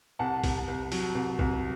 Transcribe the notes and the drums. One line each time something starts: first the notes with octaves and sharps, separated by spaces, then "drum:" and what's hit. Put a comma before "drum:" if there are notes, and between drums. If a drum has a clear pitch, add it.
C2 F#5 A5
C2, drum: kick, open hi-hat
C2
F#3, drum: open hi-hat
C2
C2, drum: kick